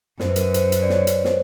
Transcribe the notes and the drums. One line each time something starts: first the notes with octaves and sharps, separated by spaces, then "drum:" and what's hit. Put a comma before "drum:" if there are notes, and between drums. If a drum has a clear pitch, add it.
F#2 C5, drum: snare
B4
A#4, drum: hi-hat
B4
C5, drum: hi-hat
drum: hi-hat
D5
C#5, drum: snare
drum: hi-hat
C5, drum: snare